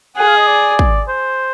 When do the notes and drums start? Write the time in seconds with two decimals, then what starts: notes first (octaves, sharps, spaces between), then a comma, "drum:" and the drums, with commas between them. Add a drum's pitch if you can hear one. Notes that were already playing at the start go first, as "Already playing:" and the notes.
0.17 G#4 F#5
0.27 F5
0.37 D#5
0.47 D5
0.79 drum: kick
1.08 C5